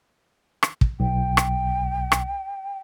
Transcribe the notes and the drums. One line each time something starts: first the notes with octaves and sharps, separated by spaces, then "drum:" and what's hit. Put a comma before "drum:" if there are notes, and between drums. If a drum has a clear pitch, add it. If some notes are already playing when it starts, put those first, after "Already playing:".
drum: rim click
drum: kick
B1 G5
drum: rim click
drum: rim click